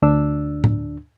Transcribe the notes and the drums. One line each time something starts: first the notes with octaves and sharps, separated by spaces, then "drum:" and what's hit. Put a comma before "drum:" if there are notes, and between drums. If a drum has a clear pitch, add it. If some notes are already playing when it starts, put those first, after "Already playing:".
D2 D4 E6
drum: tom A2